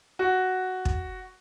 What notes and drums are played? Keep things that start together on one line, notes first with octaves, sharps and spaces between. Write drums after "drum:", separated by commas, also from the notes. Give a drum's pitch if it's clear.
F#4
drum: kick